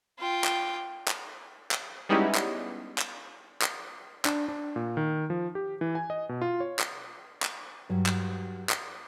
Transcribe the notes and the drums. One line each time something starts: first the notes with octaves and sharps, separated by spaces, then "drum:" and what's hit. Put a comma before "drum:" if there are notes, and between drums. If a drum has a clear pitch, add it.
F4 G5
drum: clap
drum: clap
drum: clap
G3 G#3 B3 C#4 D#4 E4
drum: clap
drum: clap
drum: clap
D4, drum: clap
D4
A#2
D#3
F3
G4
E3
G#5
D#5
B2
F4
C#5
drum: clap
drum: clap
G2 F#3
drum: clap
drum: clap